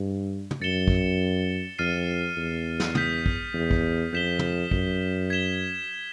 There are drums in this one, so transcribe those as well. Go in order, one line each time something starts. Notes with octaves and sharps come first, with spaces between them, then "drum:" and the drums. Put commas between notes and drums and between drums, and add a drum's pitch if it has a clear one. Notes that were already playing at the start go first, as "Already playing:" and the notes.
Already playing: G2
drum: tom
F#2 A6 C#7 E7 G7
drum: kick
F2 F6 A6 C7 D#7
E2
drum: snare
D#6 G6 B6, drum: tom
drum: kick
E2
drum: kick
F2 G6 B6 E7 G7
drum: tom
F#2, drum: kick
G#6 B6 E7 G7